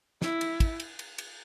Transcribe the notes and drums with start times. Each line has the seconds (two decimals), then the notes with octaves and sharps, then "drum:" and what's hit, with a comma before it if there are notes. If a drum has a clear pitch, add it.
0.22 E4, drum: snare
0.41 drum: cymbal
0.60 drum: kick, cymbal
0.80 drum: cymbal
0.99 drum: cymbal
1.18 drum: cymbal